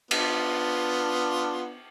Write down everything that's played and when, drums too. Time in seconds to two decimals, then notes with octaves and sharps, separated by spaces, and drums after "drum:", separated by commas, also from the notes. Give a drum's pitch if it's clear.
0.11 B3 D4 F4, drum: cymbal